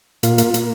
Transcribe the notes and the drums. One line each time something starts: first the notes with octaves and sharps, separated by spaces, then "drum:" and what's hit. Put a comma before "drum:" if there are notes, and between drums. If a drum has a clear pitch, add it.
A#2 F4, drum: hi-hat
A#3, drum: hi-hat
A#3, drum: hi-hat